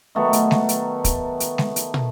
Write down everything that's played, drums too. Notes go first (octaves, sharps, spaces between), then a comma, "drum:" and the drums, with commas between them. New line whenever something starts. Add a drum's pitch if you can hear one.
D#3 F#3 A3 B3
drum: hi-hat
drum: snare G#3
drum: hi-hat
drum: kick, hi-hat
drum: hi-hat
drum: snare G#3
drum: hi-hat
drum: tom